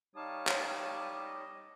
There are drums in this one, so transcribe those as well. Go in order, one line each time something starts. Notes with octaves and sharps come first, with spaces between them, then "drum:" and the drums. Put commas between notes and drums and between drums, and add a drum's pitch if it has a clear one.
G3 D#4 C#5 F5 A5 D#6
drum: clap
D#5